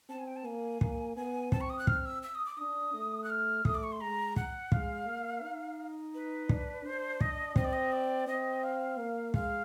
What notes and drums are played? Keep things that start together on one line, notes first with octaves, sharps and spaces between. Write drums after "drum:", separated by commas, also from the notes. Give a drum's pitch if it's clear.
C4 A5
G#5
G5
A5
A#3 G#5
A#3, drum: kick
B3 G#5
C4 A5, drum: kick
C#6
D#6
F#6
F6, drum: kick
E6
E6
D#6
D6
D4 D#6
A3
F#6
F6
A3 D#6, drum: kick
D6
C#6
C6
G#3 A#5
F#5, drum: kick
G#3 F5, drum: kick
A#3
D#4
B4
D4, drum: kick
D4 C5
D#5, drum: kick
C4 D#5, drum: kick
D5
D#5
D5
C4 D#5
F5
A#3
G#3 F5, drum: kick